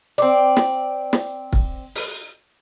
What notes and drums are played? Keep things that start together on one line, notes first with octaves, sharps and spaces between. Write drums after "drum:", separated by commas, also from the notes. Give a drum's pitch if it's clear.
C4 D5, drum: hi-hat
drum: snare
drum: snare
drum: kick
drum: open hi-hat